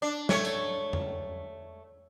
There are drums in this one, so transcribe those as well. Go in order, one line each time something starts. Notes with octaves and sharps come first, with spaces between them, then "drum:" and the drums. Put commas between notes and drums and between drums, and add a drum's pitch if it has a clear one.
D4
A3 C#5, drum: snare
drum: tambourine
drum: tom F2